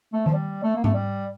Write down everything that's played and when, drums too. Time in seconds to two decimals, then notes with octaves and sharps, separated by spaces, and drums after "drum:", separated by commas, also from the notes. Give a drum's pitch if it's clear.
0.13 A3
0.26 F3, drum: tom D#3
0.33 G3
0.63 A3
0.76 A#3
0.84 A3, drum: tom G#2
0.94 G3